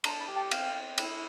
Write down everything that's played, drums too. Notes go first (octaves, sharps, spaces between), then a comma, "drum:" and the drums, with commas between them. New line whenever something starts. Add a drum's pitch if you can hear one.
D4 A#5 C6, drum: cymbal
A5 B5
G4
G5 A5
C4 F5 G5, drum: cymbal
C4
E4, drum: cymbal